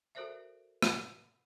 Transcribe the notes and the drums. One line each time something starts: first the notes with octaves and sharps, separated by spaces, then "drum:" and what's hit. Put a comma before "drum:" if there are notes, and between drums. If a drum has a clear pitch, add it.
F#4 A4 A#4 C5 D5 E5
drum: rim click